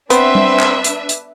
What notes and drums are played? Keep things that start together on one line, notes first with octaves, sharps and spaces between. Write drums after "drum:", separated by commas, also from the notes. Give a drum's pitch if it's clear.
B3 C4 D4 B4 E5, drum: hi-hat
drum: tom G3
drum: clap
drum: hi-hat
drum: hi-hat